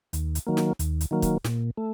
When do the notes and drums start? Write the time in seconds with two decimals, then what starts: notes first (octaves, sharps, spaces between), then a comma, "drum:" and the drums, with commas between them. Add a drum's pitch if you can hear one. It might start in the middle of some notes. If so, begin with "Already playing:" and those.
0.13 D#2, drum: hi-hat
0.35 drum: hi-hat
0.47 D#3 F#3 A#3
0.57 drum: snare
0.79 D#2, drum: hi-hat
1.01 drum: hi-hat
1.11 D#3 F#3 A#3
1.22 drum: kick, hi-hat
1.44 A#2, drum: snare
1.77 A3